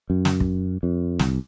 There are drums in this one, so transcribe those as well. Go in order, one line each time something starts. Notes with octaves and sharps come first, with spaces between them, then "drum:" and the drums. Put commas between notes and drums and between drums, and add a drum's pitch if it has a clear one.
F#2
drum: snare
drum: kick
F2
C2, drum: snare